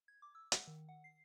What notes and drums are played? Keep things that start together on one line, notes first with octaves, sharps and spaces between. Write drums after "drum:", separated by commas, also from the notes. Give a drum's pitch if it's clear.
G#6
D6
E6
F#5, drum: hi-hat
D#3
F#5
C7